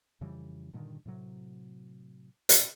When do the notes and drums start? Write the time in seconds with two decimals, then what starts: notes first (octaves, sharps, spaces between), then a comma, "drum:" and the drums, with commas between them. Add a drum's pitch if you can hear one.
0.21 F2 C#3 E3 G3
0.74 G2 A#2 D3 D#3
1.05 A2 C3 F#3
2.49 drum: hi-hat